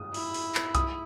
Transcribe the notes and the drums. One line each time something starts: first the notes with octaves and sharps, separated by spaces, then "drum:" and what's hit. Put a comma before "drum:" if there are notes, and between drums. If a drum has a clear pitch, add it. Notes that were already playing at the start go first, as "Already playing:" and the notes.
Already playing: D#6
E4, drum: open hi-hat
drum: open hi-hat
drum: clap
D#6, drum: kick C2, hi-hat